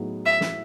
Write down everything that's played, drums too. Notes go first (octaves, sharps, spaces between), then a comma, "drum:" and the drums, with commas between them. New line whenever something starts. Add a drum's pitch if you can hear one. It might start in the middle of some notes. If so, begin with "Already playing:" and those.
Already playing: A2 F#3 B3 D#4 G#4
E5
drum: snare